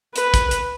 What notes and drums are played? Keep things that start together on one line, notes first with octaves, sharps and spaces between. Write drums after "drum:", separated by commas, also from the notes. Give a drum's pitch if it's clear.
B4, drum: hi-hat
drum: kick, hi-hat
drum: hi-hat